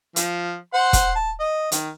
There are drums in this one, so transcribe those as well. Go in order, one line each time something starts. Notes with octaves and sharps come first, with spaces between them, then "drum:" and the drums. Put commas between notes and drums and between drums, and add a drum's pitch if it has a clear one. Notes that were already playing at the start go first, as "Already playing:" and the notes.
F3, drum: hi-hat
C5 F#5 C6
drum: kick E1, hi-hat
A5
D#5
D#3, drum: hi-hat